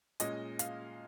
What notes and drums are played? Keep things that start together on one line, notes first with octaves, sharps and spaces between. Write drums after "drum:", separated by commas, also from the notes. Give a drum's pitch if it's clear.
A#2 G#3 C#4 D#5, drum: hi-hat
F5, drum: hi-hat